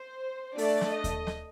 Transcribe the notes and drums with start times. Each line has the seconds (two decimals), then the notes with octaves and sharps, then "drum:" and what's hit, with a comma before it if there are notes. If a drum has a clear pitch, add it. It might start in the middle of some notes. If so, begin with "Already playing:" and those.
Already playing: C5
0.58 A3 D4 A4 D5, drum: open hi-hat
0.81 drum: snare
0.93 D#5
1.04 drum: kick D#2, hi-hat
1.27 drum: snare